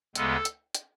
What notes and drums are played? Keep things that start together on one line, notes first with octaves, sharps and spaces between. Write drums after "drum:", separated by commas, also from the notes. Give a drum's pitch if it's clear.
D2 C#3 G#3 B3 A4, drum: hi-hat
drum: hi-hat
drum: hi-hat